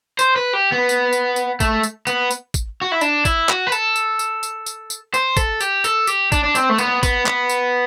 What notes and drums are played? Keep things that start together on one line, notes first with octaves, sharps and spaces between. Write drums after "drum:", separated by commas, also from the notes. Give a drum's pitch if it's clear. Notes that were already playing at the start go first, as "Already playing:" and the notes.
C5, drum: tambourine
B4
G4
B3
drum: tambourine
drum: tambourine
drum: tambourine
A3, drum: kick, tambourine
drum: tambourine
B3, drum: tambourine
drum: tambourine
drum: kick, tambourine
F#4
E4
D4, drum: tambourine
E4, drum: kick, tambourine
F#4, drum: clap
B4
A4, drum: tambourine
drum: tambourine
drum: tambourine
drum: tambourine
drum: tambourine
drum: tambourine
C5, drum: tambourine
A4, drum: kick, tambourine
G4, drum: tambourine
A4, drum: tambourine
G4, drum: tambourine
D4, drum: kick, tambourine
D4
C4, drum: tambourine
A3
B3, drum: tambourine
B3, drum: kick, tambourine
B3, drum: clap
drum: tambourine